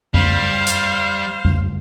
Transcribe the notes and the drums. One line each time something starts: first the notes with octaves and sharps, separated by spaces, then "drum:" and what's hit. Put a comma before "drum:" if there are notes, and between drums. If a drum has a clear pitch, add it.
G3 C5 F5, drum: tom F2
drum: hi-hat
drum: tom F2